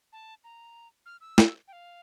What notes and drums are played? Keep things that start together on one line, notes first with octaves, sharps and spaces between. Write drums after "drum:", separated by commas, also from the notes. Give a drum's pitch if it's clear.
A5
A#5
F6
E6
drum: snare
G5
F5